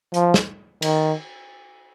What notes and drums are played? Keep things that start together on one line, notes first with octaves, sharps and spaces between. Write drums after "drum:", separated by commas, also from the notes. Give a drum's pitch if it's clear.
F3, drum: hi-hat
drum: snare
D#3, drum: cymbal